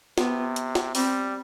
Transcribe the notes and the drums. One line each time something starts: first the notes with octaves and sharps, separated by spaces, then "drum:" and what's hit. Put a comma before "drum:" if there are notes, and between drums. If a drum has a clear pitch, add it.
C3 B3, drum: snare
drum: hi-hat
drum: snare
G3 C4, drum: open hi-hat